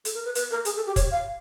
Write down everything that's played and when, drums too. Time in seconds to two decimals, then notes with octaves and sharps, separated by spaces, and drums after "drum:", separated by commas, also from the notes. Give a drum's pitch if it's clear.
0.05 A4, drum: hi-hat
0.15 A#4
0.25 B4
0.35 B4, drum: hi-hat
0.51 A#4
0.65 G#4, drum: hi-hat
0.76 A4
0.87 G4
0.96 C#5, drum: kick, hi-hat
1.11 F5